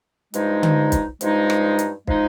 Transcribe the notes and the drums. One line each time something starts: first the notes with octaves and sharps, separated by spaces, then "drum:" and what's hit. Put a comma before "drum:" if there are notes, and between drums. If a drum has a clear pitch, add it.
G2 F3 G#3 D#4, drum: hi-hat
drum: tom D3
drum: kick, hi-hat
G2 F3 G#3 D#4, drum: hi-hat
drum: rim click
drum: hi-hat
F3 G#3 D#4, drum: kick